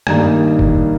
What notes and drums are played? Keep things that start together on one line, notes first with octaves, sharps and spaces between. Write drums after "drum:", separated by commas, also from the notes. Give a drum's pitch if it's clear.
G2 D#3 A#3 D#4, drum: rim click
drum: kick F1